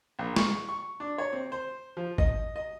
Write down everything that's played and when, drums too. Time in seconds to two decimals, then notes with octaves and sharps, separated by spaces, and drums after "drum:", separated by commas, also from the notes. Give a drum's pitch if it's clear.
0.19 A#1
0.36 C#6, drum: snare
0.69 C#6
1.00 D4
1.18 C#5
1.33 C4
1.52 C5
1.97 F3
2.18 D#5, drum: kick
2.56 D#5